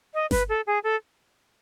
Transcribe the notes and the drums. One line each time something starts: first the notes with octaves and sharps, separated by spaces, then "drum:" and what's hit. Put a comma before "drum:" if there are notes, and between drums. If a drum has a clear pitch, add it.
D#5
B4, drum: snare G1
A4
G#4
A4